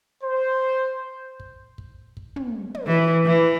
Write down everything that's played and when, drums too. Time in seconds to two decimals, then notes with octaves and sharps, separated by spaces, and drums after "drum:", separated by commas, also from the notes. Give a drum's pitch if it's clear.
0.24 C5
1.40 drum: kick
1.78 drum: kick
2.17 drum: kick
2.36 drum: tom
2.75 drum: tom
2.87 E3
3.25 E3